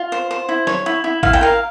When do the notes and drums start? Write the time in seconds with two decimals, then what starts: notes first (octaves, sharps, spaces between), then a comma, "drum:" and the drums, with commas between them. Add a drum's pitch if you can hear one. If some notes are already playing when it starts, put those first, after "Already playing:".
Already playing: F4
0.12 C5
0.31 C5
0.49 E4
0.67 C#5, drum: snare
0.86 E4
1.04 E4
1.23 E4 F5, drum: kick
1.33 G5
1.41 A#4 F5